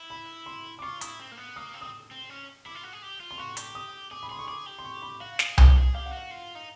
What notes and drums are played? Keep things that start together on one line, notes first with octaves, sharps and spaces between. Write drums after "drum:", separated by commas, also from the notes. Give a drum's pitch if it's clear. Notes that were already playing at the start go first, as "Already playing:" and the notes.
Already playing: E4
B5
C6
D6
F4 C#6
E4 D#6, drum: hi-hat
C4
A#3
B3
A#3 D#6
C4
D#6
C4
C#4
E4 D6
F4
F#4
G#4
G4
F4
C6
F#4 C#6
G4, drum: hi-hat
D#6
G#4 D6
B5
G#4 C6
C#6
G#4 D6
G4
C6
C#6
B5
F#4 F5
G#4, drum: snare
G4, drum: tom C2
G#4
G4 F5
F#5
F#4 F5
F4
D#4